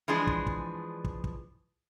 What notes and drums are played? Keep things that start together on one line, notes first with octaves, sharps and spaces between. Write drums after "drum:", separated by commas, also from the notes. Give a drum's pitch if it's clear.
E3 F3 G#3 D4 G#4
drum: kick
drum: kick
drum: kick
drum: kick